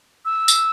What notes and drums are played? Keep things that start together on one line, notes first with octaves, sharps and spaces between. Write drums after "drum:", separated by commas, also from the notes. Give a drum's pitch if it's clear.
E6
drum: tambourine